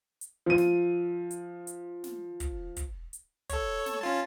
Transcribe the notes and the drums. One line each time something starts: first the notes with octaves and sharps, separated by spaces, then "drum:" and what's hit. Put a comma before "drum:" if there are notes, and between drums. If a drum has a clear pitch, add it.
drum: hi-hat
F3 D#7
drum: snare
drum: hi-hat
drum: hi-hat
drum: snare
drum: kick, hi-hat
drum: kick, hi-hat
drum: hi-hat
A4 C#5, drum: kick, hi-hat
drum: snare
C#4 F4 A5